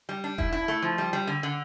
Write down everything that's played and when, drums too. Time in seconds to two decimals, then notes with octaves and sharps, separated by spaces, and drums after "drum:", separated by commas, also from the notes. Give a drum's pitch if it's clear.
0.09 G3
0.24 D4
0.38 E4, drum: kick E1
0.53 E4
0.68 A3
0.82 F3
0.98 G3
1.13 G3
1.27 D3
1.43 D3